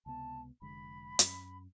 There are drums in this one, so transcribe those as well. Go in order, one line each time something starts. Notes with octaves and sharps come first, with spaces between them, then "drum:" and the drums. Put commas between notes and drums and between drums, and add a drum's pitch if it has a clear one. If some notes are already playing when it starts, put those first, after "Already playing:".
C#2 C3 B3 A5
F1 D3 G#3 B5
F#2 C#4, drum: hi-hat